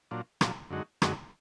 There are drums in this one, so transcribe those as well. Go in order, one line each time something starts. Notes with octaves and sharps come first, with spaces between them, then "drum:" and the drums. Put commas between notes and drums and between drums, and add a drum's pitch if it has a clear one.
A#2 F#3 D4 F4
A#2 F#3 D4 F4, drum: rim click
F#2 D3 G#3 D#4 F#4
F#2 D3 G#3 D#4 F#4, drum: rim click